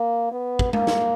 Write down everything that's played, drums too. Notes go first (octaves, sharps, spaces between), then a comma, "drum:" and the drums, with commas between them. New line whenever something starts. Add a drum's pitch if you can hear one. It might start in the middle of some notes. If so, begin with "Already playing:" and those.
Already playing: A#3
B3
drum: kick
A#3, drum: tom G#3
drum: snare